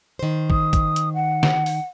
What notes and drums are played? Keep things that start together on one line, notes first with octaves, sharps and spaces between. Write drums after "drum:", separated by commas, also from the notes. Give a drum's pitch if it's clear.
D#3 C5
D#6, drum: kick
drum: kick, hi-hat
drum: hi-hat
F#5
drum: snare
drum: open hi-hat